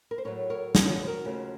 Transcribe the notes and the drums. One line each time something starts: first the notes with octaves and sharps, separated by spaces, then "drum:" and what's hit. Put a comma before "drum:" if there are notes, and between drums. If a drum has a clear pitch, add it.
A#4
C5
A2 F#3 A3 A#4 C#5
A#4 C#5
C#4 F4, drum: snare
C5
F#4 A#4
D#2 C#3 F3 A3